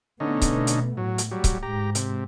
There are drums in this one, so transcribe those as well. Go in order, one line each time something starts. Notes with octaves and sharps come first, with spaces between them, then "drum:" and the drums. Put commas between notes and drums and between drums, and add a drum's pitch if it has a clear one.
B2 D3 A3 B3 C#4 D#4
drum: kick C#1, hi-hat
drum: hi-hat
A2 F#3
drum: hi-hat
F#3 G3
drum: kick C#1, hi-hat
G#2 G4 A#5
C3, drum: hi-hat